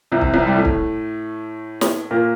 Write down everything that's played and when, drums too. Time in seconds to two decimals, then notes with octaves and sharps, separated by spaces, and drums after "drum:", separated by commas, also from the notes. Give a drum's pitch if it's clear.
0.12 C2 C3
0.21 drum: kick
0.34 C2 C3
0.47 G3
0.55 A2 A3
0.65 drum: kick
1.81 drum: snare
2.11 A#2 A#3